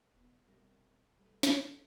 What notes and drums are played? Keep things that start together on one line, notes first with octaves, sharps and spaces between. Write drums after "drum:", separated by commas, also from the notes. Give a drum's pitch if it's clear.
E1 B3
C3 G3 A#4
G3 A3 B4
E1 F2 D#4 A4, drum: snare